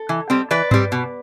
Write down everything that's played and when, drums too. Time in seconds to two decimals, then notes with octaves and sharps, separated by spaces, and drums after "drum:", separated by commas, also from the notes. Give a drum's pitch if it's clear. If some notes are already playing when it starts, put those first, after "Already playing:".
Already playing: A4
0.09 E3
0.30 G3 C4
0.51 E3 B4 D5
0.71 G3 C4, drum: tom G2
0.92 B2